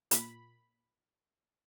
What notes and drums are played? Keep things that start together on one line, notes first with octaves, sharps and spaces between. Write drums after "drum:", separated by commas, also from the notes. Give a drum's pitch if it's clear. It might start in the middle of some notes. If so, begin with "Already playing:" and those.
A#2 B5, drum: hi-hat